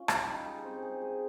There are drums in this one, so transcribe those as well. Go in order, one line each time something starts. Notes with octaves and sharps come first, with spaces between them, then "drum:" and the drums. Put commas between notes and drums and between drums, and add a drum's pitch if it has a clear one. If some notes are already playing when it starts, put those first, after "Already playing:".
Already playing: C#4 F4
G3, drum: rim click
D#4
G#4
C4
G#4
G#4